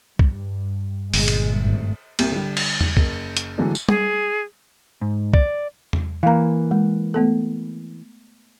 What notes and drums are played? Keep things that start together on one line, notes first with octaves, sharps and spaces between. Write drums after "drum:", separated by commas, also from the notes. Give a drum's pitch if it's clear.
G2, drum: kick
G1 A#2 G#3, drum: open hi-hat
drum: cymbal
G#1 G2 A3
C2 A#2, drum: cymbal
D3 G3
drum: cymbal
drum: tom E2
F#1, drum: kick
drum: hi-hat
D3 E3 F#3 G#3 A3 D4
drum: tambourine
G#4, drum: tom
G#2
D5, drum: kick
drum: tom E2
E3 A#3 F5 A#5
G#3
A3 B3 A4